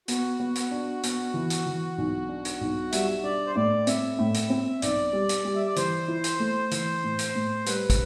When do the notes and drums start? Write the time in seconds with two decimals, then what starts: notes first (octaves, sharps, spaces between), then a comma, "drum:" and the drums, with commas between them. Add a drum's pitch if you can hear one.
0.08 B3 F#4, drum: hi-hat
0.40 B3
0.55 drum: hi-hat
0.71 D4
1.03 B3, drum: hi-hat
1.34 E3
1.50 drum: hi-hat
1.66 E3
1.98 B1
2.29 D4
2.45 drum: hi-hat
2.61 B1
2.92 G3 E5, drum: hi-hat
3.23 D4 D5
3.47 C5
3.55 A2 D5
3.87 C4 E5, drum: hi-hat
4.19 A2
4.34 drum: hi-hat
4.50 C4
4.82 B1 D5, drum: hi-hat
5.13 G3
5.29 drum: hi-hat
5.45 G3
5.56 E5
5.66 D5
5.76 E3 C5, drum: hi-hat
6.08 E4
6.24 drum: hi-hat
6.40 A3
6.71 E3, drum: hi-hat
7.03 A2
7.19 drum: hi-hat
7.35 A2
7.66 G3 B4, drum: hi-hat
7.90 drum: kick, hi-hat